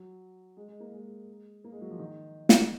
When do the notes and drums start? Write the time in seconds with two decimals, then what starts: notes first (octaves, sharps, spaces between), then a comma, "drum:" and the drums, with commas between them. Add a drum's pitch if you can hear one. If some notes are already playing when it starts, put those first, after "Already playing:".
Already playing: F#3
0.57 G#3
0.68 G#3
0.80 A#3
0.93 G#3
1.64 A#3
1.72 G#3
1.82 F#3
1.91 F3
1.99 D#3
2.49 drum: snare